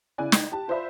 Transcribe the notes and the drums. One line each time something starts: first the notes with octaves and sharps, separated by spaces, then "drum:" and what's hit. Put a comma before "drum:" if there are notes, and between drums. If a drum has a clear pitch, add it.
C#3 E4 D5 G#5 F#6
D#4 G5, drum: snare
G4 A5
F4 C5 D5 E5 B5